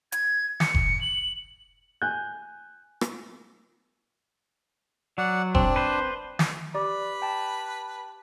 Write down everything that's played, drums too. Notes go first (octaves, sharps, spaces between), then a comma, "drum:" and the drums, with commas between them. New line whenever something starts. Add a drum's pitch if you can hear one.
G#6, drum: hi-hat
C#7, drum: snare
drum: kick F1
F#7
G#5 F#6 G6
drum: rim click
F#3 D5 F#5
C4 D4 D5, drum: kick F1
B4 C5
drum: snare
G4 B4 D5 B5 D6
G5 A5